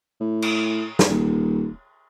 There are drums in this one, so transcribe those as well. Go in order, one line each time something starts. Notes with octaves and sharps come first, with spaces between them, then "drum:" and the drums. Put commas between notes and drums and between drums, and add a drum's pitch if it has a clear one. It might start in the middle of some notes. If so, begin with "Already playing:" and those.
A2
drum: cymbal
drum: snare
D#1